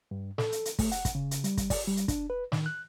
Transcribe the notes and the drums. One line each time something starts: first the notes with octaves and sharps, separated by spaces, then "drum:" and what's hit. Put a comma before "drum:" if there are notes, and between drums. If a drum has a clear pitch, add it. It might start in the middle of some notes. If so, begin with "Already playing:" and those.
G2
A4, drum: snare
drum: hi-hat
drum: hi-hat
A3, drum: kick, open hi-hat
F#5, drum: hi-hat
drum: kick, hi-hat
C#3
drum: hi-hat
G3, drum: hi-hat
drum: kick, hi-hat
D5, drum: kick, open hi-hat
G3
drum: hi-hat
D4, drum: kick, hi-hat
B4
D#3, drum: snare
F#6